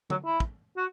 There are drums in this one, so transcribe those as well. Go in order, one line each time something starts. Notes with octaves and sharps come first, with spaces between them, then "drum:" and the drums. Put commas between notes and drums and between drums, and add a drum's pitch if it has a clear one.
F#3, drum: tom
E4
drum: kick
F#4